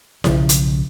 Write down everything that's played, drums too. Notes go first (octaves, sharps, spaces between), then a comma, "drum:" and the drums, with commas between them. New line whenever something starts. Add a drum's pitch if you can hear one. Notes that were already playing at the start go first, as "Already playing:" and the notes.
B1 C#3 F3, drum: snare E4
drum: hi-hat